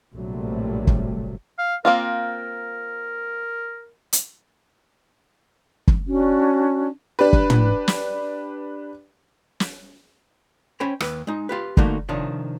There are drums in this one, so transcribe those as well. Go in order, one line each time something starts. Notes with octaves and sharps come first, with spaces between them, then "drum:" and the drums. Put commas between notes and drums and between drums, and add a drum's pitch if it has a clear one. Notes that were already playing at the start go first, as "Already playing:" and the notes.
A#1 A2 C3 F#3 G3 A3
drum: kick F#1
F5
A#3 C4 F4 A#4
drum: hi-hat
drum: kick F#1
C#4 D4 F#4
D4 G4 B4
drum: kick F#1
drum: tom
drum: snare
drum: snare
C#4 C5 C#5 G5 B5
D#2 B4, drum: rim click
G#3 D#4
F4 G4 B4
D3 A3 A#3 D#4 F#4, drum: kick F#1
C3 D#3 F3 D4 C#5